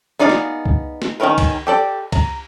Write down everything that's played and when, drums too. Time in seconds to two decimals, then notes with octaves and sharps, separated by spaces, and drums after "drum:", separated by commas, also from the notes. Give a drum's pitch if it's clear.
0.19 B3 D#4 G#4 D5 F5
0.29 drum: snare
0.66 drum: kick C2
1.02 drum: snare
1.20 D#3 C4 C#4 A#4 B4
1.38 drum: kick C2, cymbal
1.67 G4 A4 D5
2.12 A#5, drum: kick C2, cymbal